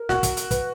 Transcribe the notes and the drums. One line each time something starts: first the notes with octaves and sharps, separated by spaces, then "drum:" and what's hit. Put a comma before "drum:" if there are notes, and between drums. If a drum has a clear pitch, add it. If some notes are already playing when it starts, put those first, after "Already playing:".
Already playing: A#4
F#4, drum: snare
drum: kick, hi-hat
drum: hi-hat
B4, drum: kick, hi-hat